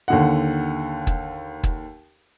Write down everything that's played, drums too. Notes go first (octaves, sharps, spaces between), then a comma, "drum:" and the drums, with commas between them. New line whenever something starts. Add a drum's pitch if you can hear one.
D#2 D3 F#5
drum: kick
drum: kick